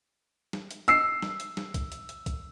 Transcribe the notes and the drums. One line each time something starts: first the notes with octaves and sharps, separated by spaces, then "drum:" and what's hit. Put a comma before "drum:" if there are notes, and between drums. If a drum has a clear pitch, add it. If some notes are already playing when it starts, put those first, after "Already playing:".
drum: snare
drum: hi-hat
E6 C7, drum: hi-hat
drum: snare
drum: hi-hat
drum: snare
drum: kick C2, hi-hat
drum: hi-hat
drum: hi-hat
drum: kick C2, hi-hat